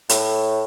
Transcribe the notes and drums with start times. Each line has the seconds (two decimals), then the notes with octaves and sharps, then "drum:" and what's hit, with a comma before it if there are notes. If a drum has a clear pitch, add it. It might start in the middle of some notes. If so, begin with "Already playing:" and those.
0.09 A2, drum: hi-hat